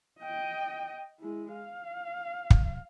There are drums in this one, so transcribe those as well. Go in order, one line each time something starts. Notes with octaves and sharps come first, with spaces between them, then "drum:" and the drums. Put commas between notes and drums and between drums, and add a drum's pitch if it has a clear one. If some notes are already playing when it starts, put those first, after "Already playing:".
D#5 G5
G#3 E4
F5
drum: kick